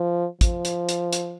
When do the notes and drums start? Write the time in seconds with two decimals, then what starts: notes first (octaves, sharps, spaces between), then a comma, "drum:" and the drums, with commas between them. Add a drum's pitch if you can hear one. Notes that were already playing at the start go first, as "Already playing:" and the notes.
Already playing: F3
0.41 F3, drum: kick, hi-hat
0.65 drum: hi-hat
0.89 drum: hi-hat
1.13 drum: hi-hat